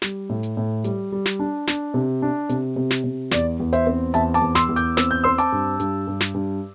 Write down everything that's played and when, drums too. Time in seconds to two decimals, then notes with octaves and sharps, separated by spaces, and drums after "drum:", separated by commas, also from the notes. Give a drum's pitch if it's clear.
0.02 G3, drum: snare
0.29 A2
0.43 drum: hi-hat
0.57 A2
0.84 G3, drum: hi-hat
1.12 G3
1.26 drum: snare
1.39 D4
1.67 D4, drum: snare
1.94 C3
2.22 D4
2.49 C3, drum: hi-hat
2.76 C3
2.91 drum: snare
3.04 C3
3.31 E2 D5, drum: snare
3.60 E2
3.73 C5 E5, drum: hi-hat
3.87 C4
4.14 E2 E5 A5, drum: hi-hat
4.34 A5 D6, drum: hi-hat
4.42 E2
4.55 C6 E6, drum: snare
4.69 E2
4.76 D6 G6, drum: hi-hat
4.97 C4 E6, drum: snare
5.11 G6
5.24 C4 C6 E6
5.38 A5 D6, drum: hi-hat
5.52 G2
5.80 G2, drum: hi-hat
6.07 G2
6.20 drum: snare
6.34 G2